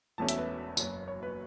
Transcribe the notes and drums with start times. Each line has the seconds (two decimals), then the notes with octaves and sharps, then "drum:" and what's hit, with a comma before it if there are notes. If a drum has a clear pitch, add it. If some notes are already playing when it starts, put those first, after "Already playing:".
0.18 E1 E2 B2 A3 C#4 A5
0.29 E5, drum: hi-hat
0.38 B4
0.77 F#1 F#2 F#3, drum: tambourine
1.08 C#5
1.23 B4